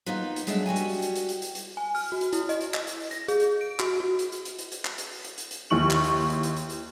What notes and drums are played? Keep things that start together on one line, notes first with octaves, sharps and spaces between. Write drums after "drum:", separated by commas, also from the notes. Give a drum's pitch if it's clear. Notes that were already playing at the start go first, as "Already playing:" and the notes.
A#3 B3 D#4 F4 B4
drum: hi-hat
F#3 G#3 A3 D4 E5, drum: hi-hat
G3 F#4 G5 G#5
drum: hi-hat
drum: open hi-hat
drum: hi-hat
drum: hi-hat
drum: hi-hat
drum: hi-hat
drum: hi-hat
G#5
F6, drum: open hi-hat
F#4
drum: hi-hat
E4, drum: hi-hat
D#5, drum: hi-hat
drum: hi-hat
drum: clap
drum: hi-hat
drum: open hi-hat
A#6, drum: hi-hat
G#4, drum: hi-hat
drum: hi-hat
D7
F#4, drum: clap
F#4
drum: hi-hat
drum: hi-hat
drum: hi-hat
drum: hi-hat
drum: hi-hat
drum: clap
drum: hi-hat
drum: open hi-hat
drum: hi-hat
drum: hi-hat
drum: hi-hat
D#2 E4 C#6 F#7
drum: clap
drum: hi-hat
drum: open hi-hat
drum: hi-hat
drum: hi-hat
drum: hi-hat
drum: hi-hat